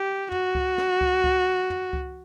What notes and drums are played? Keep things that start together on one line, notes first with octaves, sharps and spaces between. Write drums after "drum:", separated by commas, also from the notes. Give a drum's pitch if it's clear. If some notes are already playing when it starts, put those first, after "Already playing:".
Already playing: G4
F#4, drum: tom
drum: kick C#2
drum: snare
drum: kick C#2
drum: kick C#2
drum: tom
drum: kick C#2